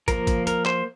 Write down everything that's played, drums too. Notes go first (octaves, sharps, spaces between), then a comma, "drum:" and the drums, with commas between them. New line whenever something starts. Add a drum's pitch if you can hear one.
F3 A#3 A#4, drum: kick, hi-hat
drum: kick, hi-hat
A#4, drum: hi-hat
C5, drum: clap